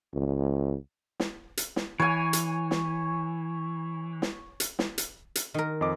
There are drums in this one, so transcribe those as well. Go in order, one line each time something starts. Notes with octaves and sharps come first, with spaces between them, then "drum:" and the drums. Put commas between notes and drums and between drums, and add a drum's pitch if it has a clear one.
C#2
drum: snare
drum: hi-hat
drum: snare
E3 C#5 G#5
drum: hi-hat
drum: snare
drum: snare
drum: hi-hat
drum: snare
drum: hi-hat
drum: hi-hat
D#3 A#4
F2 D#5 D6